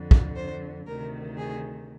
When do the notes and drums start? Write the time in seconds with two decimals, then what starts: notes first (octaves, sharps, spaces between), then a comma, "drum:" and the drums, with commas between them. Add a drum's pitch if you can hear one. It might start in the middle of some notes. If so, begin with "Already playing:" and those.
Already playing: F2 D3
0.11 drum: kick
0.36 C5
0.87 D2 C3 D#3 A#4
1.38 G#4